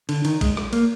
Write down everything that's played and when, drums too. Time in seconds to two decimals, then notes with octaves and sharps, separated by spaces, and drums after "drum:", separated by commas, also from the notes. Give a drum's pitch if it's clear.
0.09 D3, drum: cymbal
0.25 D#3, drum: cymbal
0.41 G#3, drum: kick, cymbal
0.57 drum: rim click
0.73 A#3, drum: cymbal